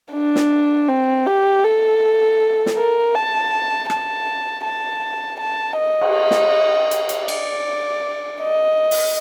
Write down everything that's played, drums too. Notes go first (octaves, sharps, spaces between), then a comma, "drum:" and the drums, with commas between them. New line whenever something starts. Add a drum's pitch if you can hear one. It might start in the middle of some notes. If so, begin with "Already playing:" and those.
D4
drum: snare
C4
G4
A4
drum: snare
A#4
A5
A5, drum: rim click
A5
A5
D#5
drum: cymbal
drum: snare
drum: hi-hat
drum: hi-hat
D5, drum: cymbal
D#5
drum: open hi-hat